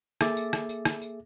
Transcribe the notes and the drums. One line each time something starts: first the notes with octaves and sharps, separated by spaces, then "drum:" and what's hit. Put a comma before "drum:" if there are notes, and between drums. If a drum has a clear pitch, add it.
A#3 G#4 A4 E5 D6 A6, drum: rim click
drum: tambourine
drum: rim click
drum: tambourine
drum: rim click
drum: tambourine